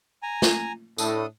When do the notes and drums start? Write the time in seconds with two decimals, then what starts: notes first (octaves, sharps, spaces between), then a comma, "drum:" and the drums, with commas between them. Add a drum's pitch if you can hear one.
0.23 G#5 A#5
0.42 drum: snare
0.98 A2 D4 A4 D#6, drum: tambourine